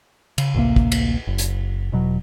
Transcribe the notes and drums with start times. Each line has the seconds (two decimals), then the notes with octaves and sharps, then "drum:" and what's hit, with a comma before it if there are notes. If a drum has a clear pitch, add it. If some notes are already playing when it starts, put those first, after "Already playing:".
0.38 C#3, drum: cymbal
0.54 A1 D2 C3 A#3
0.76 drum: kick
0.92 drum: cymbal
1.27 F#1
1.38 drum: hi-hat
1.92 E1 B2 F#3